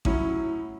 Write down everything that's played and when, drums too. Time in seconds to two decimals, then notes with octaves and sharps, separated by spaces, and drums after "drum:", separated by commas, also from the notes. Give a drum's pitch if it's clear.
0.05 A2 F#3 C#4 E4, drum: kick A1